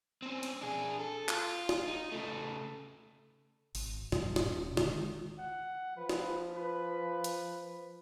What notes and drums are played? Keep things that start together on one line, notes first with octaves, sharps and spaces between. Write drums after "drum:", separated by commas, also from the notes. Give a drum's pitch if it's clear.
C4 C#4
drum: cymbal
D4 G#4
A4
F4, drum: clap
drum: snare
D#4
C#3 A3
G#1, drum: open hi-hat
G2 B2 D#3 G3, drum: snare
D#1 A#2 C#4, drum: snare
D3 D#3 G#3, drum: snare
F#5
F3 B4
drum: snare
B4
drum: hi-hat